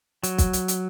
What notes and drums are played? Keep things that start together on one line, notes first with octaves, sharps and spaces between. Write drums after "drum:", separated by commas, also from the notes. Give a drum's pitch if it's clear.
F#3, drum: hi-hat
drum: kick, hi-hat
drum: hi-hat
drum: hi-hat